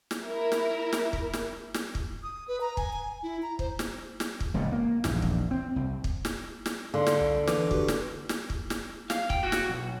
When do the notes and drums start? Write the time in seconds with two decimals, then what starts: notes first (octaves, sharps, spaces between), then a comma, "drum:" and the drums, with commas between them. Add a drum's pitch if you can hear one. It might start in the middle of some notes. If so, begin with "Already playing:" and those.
0.11 drum: snare
0.24 E4 A#4
0.52 drum: snare
0.93 drum: snare
1.13 drum: kick
1.33 drum: snare
1.74 drum: snare
1.95 drum: kick
2.23 D#6
2.48 B4
2.61 A#5
2.77 G#5, drum: kick
2.93 G#5
3.23 E4
3.42 A#5
3.59 C5, drum: kick
3.79 drum: snare
4.20 drum: snare
4.40 drum: kick
4.54 E1 C#2 A#2 C#3
4.72 A#3
5.04 A#1 E2 G2, drum: snare
5.22 drum: kick
5.51 C4
5.76 C2
6.04 drum: kick
6.25 drum: snare
6.66 drum: snare
6.94 D3 F5 C6
7.07 drum: snare
7.21 C2
7.47 E3 B4 D6, drum: snare
7.71 F#4 G4 B4, drum: kick
7.88 drum: snare
8.29 drum: snare
8.50 drum: kick
8.70 drum: snare
9.10 F5, drum: snare
9.30 G5, drum: kick
9.43 F#4
9.52 drum: snare
9.69 B1